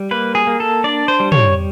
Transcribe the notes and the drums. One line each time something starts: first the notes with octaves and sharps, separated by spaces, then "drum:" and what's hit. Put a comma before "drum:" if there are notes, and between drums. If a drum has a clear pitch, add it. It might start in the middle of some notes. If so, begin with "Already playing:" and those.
Already playing: G3
A#3 B4
G#4
A#3
A4
D4 D5
C5
G3
C#5, drum: tom